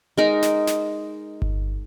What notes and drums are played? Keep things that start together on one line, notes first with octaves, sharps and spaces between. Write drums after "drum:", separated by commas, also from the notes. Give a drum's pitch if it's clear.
G#3 D#4 A#4
drum: snare
drum: snare
drum: kick G1